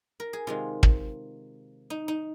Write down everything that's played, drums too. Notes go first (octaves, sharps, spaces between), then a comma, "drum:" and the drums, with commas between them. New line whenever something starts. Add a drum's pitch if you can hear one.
A#4
G#4
C3 D#3 G#3 F4
drum: kick
D#4
D#4